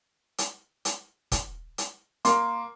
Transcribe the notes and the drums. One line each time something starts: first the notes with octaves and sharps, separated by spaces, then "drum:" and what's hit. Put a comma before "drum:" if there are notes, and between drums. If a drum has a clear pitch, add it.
drum: hi-hat
drum: hi-hat
drum: kick, hi-hat
drum: hi-hat
A#3 C6, drum: hi-hat